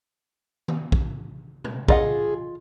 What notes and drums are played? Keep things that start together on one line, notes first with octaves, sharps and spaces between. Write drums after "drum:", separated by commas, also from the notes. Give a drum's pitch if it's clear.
drum: tom D#3
drum: kick
drum: tom A#2
F4 G#4 D#5 F#5, drum: kick